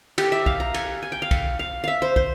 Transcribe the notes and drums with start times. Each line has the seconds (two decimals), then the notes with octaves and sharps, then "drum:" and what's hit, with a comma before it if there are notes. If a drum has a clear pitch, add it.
0.18 G4, drum: cymbal
0.32 E5
0.46 F5, drum: kick
0.60 A#5
0.74 G#5, drum: cymbal
1.02 G#5
1.12 G5
1.22 F5
1.31 drum: kick, cymbal
1.59 F5
1.84 E5 F5
2.02 C5
2.16 C5, drum: kick